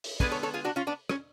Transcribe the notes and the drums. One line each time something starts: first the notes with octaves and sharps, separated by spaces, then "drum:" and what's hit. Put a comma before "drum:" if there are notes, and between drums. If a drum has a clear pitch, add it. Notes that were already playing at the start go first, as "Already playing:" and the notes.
drum: open hi-hat
D3 G#3 B3 G#4 B4, drum: kick
A4 C#5
A4 C#5
F4 G#4
D4 F#4
C#4 F4
B3 D4
C#4, drum: rim click